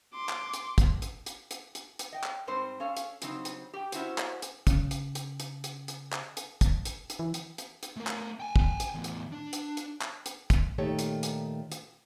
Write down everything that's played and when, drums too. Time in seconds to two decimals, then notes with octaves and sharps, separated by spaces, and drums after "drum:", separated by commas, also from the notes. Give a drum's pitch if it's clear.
0.14 C6 D6
0.29 drum: clap
0.53 drum: hi-hat
0.78 drum: kick, hi-hat
1.02 drum: hi-hat
1.26 drum: hi-hat
1.51 drum: hi-hat
1.75 drum: hi-hat
1.99 drum: hi-hat
2.13 D#5 G5
2.24 drum: clap
2.47 G#2 G3 C4 C5
2.80 C#4 A4 F5
2.97 drum: hi-hat
3.22 C#3 F#3 G3 C4 D#4, drum: hi-hat
3.45 drum: hi-hat
3.73 G4 G5
3.92 C#4 E4 F#4 C5, drum: hi-hat
4.18 drum: clap
4.42 drum: hi-hat
4.67 C#3, drum: kick, hi-hat
4.91 drum: hi-hat
5.15 drum: hi-hat
5.40 drum: hi-hat
5.64 drum: hi-hat
5.88 drum: hi-hat
6.13 drum: clap
6.37 drum: hi-hat
6.61 drum: kick, hi-hat
6.85 drum: hi-hat
7.10 drum: hi-hat
7.19 E3
7.34 drum: hi-hat
7.58 drum: hi-hat
7.83 drum: hi-hat
7.97 A3 A#4
8.07 drum: clap
8.40 G5 G#5
8.56 drum: kick
8.80 drum: hi-hat
8.94 E2 A2
9.04 drum: hi-hat
9.32 D4
9.53 drum: hi-hat
9.77 drum: hi-hat
10.01 drum: clap
10.26 drum: hi-hat
10.50 drum: kick, hi-hat
10.78 A#2 D#3 A3 G4 A4 C#5
10.99 drum: hi-hat
11.23 drum: hi-hat
11.72 drum: hi-hat